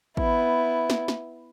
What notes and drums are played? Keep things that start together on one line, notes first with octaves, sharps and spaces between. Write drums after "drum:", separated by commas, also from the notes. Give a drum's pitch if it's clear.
B3 E4, drum: kick
drum: snare
drum: snare